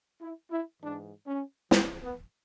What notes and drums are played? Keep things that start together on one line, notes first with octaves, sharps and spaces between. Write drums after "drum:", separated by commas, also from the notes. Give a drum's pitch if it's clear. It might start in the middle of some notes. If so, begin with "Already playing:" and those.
E4
E4
G#2 E3 D4
C#4
F2 C#3 F3 C4, drum: snare
B3